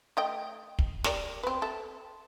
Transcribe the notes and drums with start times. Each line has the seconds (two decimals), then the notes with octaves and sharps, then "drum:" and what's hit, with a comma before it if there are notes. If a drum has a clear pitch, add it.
0.17 A3 D#5 G5
0.79 drum: kick
1.04 G4 A#4 D5, drum: snare
1.43 C4 B4
1.62 A4 E5